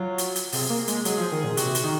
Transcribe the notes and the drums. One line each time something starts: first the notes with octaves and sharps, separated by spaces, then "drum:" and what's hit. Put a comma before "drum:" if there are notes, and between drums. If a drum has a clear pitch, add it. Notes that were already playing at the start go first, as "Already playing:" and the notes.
Already playing: F#3 F4
drum: hi-hat
drum: hi-hat
C3 G#4, drum: open hi-hat
A#3
G#3, drum: hi-hat
F#3 G#4, drum: hi-hat
F3
D#3
A#2
C3 F#4, drum: hi-hat
drum: hi-hat
D#3